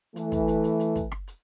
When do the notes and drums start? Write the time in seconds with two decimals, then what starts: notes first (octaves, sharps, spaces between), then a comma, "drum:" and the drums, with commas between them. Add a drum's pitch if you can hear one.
0.16 E3 A3, drum: hi-hat
0.32 drum: kick, hi-hat
0.48 drum: hi-hat
0.64 drum: hi-hat
0.80 drum: hi-hat
0.96 drum: kick, hi-hat
1.12 drum: rim click
1.27 drum: hi-hat